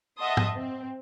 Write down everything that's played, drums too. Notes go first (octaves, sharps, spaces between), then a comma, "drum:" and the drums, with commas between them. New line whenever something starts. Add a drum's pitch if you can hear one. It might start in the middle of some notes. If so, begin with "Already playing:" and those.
D#5 E5 F#5 A5 C6 D#6
drum: tom
C4